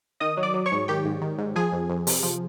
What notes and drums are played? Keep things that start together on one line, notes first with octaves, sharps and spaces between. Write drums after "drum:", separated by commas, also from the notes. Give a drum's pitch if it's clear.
D#3 D#5 D#6
F#3
D5 D6
F#3
C#5 C#6
G#2
D#3 G4 G5
G#2
D#3
G#2
F3 G#4 G#5
F2
F2
C3, drum: open hi-hat
F3